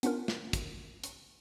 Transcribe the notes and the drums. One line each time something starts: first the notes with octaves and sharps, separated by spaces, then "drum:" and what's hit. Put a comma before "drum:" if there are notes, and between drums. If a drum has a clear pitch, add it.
B3 C#4 D4 F4 A#4, drum: hi-hat
drum: snare
drum: kick, hi-hat
drum: hi-hat